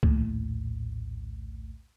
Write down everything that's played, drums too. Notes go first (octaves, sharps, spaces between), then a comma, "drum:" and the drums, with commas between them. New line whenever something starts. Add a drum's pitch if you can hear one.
A#1 D#2 A2, drum: kick C#2